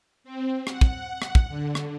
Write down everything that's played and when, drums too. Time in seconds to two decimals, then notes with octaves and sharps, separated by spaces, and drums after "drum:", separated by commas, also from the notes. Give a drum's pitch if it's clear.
0.24 C4
0.67 F#5, drum: rim click
0.81 drum: kick
1.22 drum: rim click
1.35 drum: kick
1.48 D3
1.75 drum: rim click